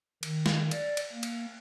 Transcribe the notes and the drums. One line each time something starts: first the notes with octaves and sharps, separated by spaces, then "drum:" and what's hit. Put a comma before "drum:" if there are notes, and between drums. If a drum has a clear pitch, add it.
D#3, drum: cymbal
drum: snare
D5, drum: cymbal
drum: cymbal
A#3
drum: cymbal